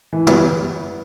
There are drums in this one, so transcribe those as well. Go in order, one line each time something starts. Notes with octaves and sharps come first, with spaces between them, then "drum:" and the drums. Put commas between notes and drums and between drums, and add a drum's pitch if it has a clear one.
E3
G3 B3, drum: tom